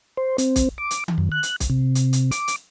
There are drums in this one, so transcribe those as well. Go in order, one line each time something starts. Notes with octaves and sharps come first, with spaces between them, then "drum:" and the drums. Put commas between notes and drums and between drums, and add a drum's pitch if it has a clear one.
C5
C4, drum: hi-hat
drum: kick, hi-hat
D6
drum: hi-hat
drum: tom D#3
F#2
F#6
drum: hi-hat
drum: kick, hi-hat
C3
drum: hi-hat
drum: hi-hat
D6, drum: hi-hat
drum: hi-hat